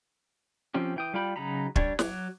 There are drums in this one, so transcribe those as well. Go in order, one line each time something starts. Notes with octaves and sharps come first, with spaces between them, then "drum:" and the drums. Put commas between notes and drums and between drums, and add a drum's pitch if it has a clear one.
F3 C4 C#4 G4
E3 G5 D#6
G3 F4 G4 G5 B5
C#3 F#3 D#4 A#5 B5
G3 D4 C#5, drum: kick
F#3 C#5 D6 F#6, drum: snare